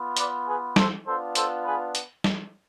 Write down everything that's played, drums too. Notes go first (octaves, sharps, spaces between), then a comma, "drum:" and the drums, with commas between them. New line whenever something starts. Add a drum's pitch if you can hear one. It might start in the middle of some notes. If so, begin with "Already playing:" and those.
Already playing: B3 F4
B4 D5, drum: hi-hat
G#4 B4
A4 C5, drum: snare G3
B3 D4 F4 A4 C5
A4 C5, drum: hi-hat
G#4 B4
drum: hi-hat
drum: snare G3